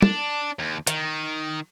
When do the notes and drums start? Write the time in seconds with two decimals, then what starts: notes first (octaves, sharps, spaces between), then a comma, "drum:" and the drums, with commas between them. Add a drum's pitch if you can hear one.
0.02 D4, drum: tom
0.59 D#2
0.87 D#3, drum: hi-hat